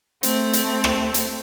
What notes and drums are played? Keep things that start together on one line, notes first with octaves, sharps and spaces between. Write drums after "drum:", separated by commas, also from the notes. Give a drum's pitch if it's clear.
A3 C4, drum: hi-hat
drum: hi-hat
drum: rim click
drum: hi-hat